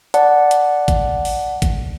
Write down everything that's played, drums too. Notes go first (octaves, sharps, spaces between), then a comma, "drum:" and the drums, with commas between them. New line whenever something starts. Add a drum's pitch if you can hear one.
D5 F#5 A5, drum: hi-hat
drum: hi-hat
drum: kick A1, hi-hat
drum: open hi-hat
drum: kick A1, hi-hat